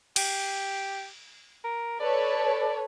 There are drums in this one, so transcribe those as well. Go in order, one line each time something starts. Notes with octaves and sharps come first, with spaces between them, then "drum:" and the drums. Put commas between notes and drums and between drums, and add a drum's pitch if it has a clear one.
G4, drum: cymbal
A#4
A4 B4 C#5 D5